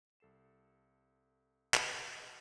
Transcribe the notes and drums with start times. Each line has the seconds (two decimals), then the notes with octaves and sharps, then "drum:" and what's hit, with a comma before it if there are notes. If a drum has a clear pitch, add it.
0.20 C2 A4 C7 E7
1.74 drum: clap